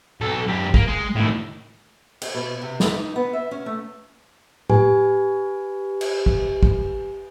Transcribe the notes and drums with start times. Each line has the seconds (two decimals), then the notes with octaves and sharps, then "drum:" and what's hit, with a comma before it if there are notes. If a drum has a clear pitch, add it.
0.21 B1 A4
0.47 F#2 G4
0.74 A#3, drum: kick
0.87 G#3
1.15 A2 D#3
2.22 G4, drum: cymbal
2.35 B2
2.62 C3
2.80 E3, drum: snare
2.94 D#4
3.16 B3
3.33 E5
3.51 C#4
3.66 A3
4.70 G4 B4 G#5, drum: tom A2
6.01 drum: cymbal
6.26 drum: kick
6.63 drum: kick